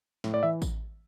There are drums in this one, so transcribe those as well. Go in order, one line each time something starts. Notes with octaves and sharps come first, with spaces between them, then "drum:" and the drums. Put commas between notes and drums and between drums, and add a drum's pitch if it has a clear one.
A2, drum: snare
D5
E3 E5
drum: kick A1, tambourine